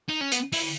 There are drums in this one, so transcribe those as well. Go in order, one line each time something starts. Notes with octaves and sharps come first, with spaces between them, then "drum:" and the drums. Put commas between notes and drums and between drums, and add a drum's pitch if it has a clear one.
D#4
C#4
B3, drum: hi-hat
E4, drum: open hi-hat